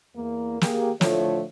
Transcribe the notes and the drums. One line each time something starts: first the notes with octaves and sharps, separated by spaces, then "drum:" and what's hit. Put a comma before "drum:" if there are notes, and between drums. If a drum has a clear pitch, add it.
E2 A#3
A#3 G4 G#4, drum: snare
A2 D3 F3 A3 F4 C#5, drum: snare